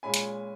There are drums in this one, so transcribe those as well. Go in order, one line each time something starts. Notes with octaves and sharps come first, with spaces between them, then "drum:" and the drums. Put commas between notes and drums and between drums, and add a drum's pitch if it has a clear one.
A#2 G#3 C#4 G#5 B5
drum: hi-hat